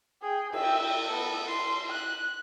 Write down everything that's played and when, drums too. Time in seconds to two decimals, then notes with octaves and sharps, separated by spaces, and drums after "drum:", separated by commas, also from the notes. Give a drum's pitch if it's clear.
0.22 G#4 G5
0.53 E5 G5, drum: cymbal
1.05 B3 A4
1.47 C6
1.89 F#6